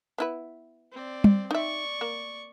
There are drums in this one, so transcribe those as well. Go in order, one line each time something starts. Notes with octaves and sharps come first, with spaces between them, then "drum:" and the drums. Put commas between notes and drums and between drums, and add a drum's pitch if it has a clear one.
B3 E4 B4
C4 D5
drum: tom G3
D#4 D5 E5 C#6
A#3